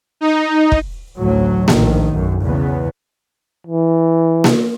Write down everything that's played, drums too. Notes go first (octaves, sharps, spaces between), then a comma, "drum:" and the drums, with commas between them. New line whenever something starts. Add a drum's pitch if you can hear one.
D#4
drum: kick
A1 D2 A2 F#3
A#1 A2 D#3, drum: snare A#3
B1 F#2
E2 C#3 B3
E3
drum: snare A#3